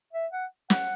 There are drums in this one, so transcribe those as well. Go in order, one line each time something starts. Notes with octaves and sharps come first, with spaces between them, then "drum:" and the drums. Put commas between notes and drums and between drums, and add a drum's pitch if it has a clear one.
E5
F#5
F#5, drum: snare